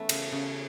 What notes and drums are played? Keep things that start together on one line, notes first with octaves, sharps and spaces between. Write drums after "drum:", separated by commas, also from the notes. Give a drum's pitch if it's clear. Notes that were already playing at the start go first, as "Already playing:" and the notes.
Already playing: E2 A3 C#4 B4
C#3, drum: cymbal
C#3